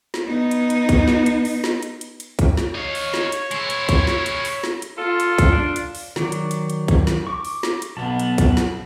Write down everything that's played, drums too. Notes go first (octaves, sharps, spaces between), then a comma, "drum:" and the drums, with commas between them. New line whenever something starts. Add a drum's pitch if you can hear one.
drum: snare
B3 D#4
drum: hi-hat
drum: hi-hat
drum: kick, hi-hat
drum: snare
drum: hi-hat
drum: open hi-hat
drum: snare
drum: hi-hat
drum: hi-hat
drum: hi-hat
drum: kick, hi-hat
drum: snare
D#4 C#5 F5
drum: open hi-hat
drum: snare
drum: hi-hat
G#3 E4, drum: hi-hat
drum: hi-hat
drum: kick, hi-hat
drum: snare
drum: hi-hat
drum: open hi-hat
drum: snare
drum: hi-hat
F4 A4
drum: hi-hat
drum: kick, hi-hat
D4
drum: hi-hat
drum: open hi-hat
D#3 F#3 D5, drum: snare
drum: hi-hat
drum: hi-hat
drum: hi-hat
drum: kick, hi-hat
drum: snare
C#6 D6
drum: open hi-hat
drum: snare
drum: hi-hat
B1 B3 A5
drum: hi-hat
drum: kick, hi-hat
drum: snare